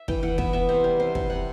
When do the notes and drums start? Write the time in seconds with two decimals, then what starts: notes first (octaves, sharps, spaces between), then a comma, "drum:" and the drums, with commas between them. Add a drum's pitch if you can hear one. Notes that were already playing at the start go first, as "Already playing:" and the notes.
Already playing: E5
0.08 E3 G5, drum: kick
0.23 E3 F#5
0.38 B3 E5, drum: kick
0.53 B3 E5
0.69 C3 C5
0.84 G3
1.00 C3 C5
1.15 C3, drum: kick
1.30 C3 F#5